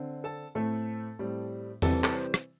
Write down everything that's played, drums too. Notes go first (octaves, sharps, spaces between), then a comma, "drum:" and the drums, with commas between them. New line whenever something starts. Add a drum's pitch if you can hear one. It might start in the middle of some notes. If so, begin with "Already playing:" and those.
Already playing: D3 C4
A4 A5
A2 A3 C4 A4
A2 G3 C4
C3 E3 G3 C4 A4, drum: tom E2
A4, drum: clap
C5
drum: rim click